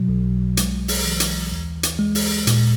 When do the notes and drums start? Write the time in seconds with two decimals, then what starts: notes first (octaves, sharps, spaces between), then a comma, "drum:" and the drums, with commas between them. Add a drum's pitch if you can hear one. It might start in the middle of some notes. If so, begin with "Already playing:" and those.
Already playing: B2 F#3
0.09 B1
0.57 G#3, drum: hi-hat
0.88 drum: open hi-hat
1.04 E3
1.20 drum: hi-hat
1.52 D#2
1.83 drum: hi-hat
1.99 G#3
2.15 drum: open hi-hat
2.47 A#2, drum: hi-hat